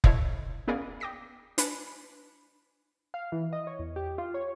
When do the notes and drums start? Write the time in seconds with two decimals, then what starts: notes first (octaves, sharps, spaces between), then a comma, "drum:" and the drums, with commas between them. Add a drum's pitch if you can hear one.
0.04 E4 A4 C5 C#5 D#5 F5, drum: kick F1
0.68 B3 C#4 G#4 A#4 D5 F5
1.00 G5 D6 D#6 A#6 B6 D7
1.58 D4 B4 G#5 B5 B6 C#7, drum: hi-hat
3.14 F5
3.32 E3
3.53 D#5
3.67 C#5
3.79 E2
3.96 G4
4.18 F4
4.34 C#5